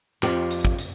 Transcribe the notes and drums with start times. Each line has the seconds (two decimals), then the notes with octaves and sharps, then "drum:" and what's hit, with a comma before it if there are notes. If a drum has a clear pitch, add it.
0.23 F2 C4 G4, drum: clap
0.51 drum: hi-hat
0.65 drum: kick
0.79 drum: hi-hat